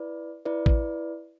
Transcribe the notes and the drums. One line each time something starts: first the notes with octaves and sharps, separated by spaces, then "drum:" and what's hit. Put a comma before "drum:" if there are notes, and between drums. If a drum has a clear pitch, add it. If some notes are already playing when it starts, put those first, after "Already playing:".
Already playing: E4 B4 D5
E4 B4 D5
drum: kick A1